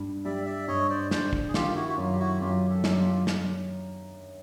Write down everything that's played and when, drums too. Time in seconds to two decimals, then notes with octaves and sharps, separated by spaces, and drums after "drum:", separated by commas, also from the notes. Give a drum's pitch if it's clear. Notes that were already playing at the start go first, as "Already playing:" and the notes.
Already playing: G2
0.25 G3 D5 E5
0.46 D5 E5
0.67 G2 C#5 D#5
0.89 C5 D5
1.11 G2 C5 D5, drum: snare
1.33 drum: kick
1.49 G#4
1.54 D#3 F4 G4, drum: snare
1.75 E4 F#4
1.89 F#4
1.97 F#2 F4
2.12 G4
2.19 E4 F#4
2.40 F#2 F4 G4
2.69 G4 A4
2.84 F#2, drum: snare
2.99 F4 G4
3.27 drum: snare